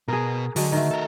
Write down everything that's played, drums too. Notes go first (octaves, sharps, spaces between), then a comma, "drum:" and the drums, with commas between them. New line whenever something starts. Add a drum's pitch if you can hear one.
B2 G#4 A#4
D3 F#3 G#3, drum: open hi-hat
D#3 A3
A4 A#4